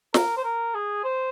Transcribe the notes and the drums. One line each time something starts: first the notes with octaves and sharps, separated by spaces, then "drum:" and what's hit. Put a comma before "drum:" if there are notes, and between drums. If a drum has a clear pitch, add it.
A#4, drum: snare
C5
A#4
G#4
C5